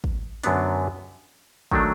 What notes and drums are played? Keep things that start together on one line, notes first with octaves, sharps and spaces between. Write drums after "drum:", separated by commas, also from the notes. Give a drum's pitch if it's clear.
drum: kick
F#2 D3 F#3 B3 D4, drum: hi-hat
D#3 F#3 A3 D4, drum: kick